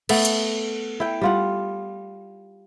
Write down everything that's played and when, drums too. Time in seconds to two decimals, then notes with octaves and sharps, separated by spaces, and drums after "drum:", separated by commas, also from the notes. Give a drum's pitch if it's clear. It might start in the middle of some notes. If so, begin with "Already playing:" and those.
0.09 A3 B3 A4, drum: cymbal
0.25 drum: hi-hat
1.00 E4 G5
1.22 G3 F4 F#5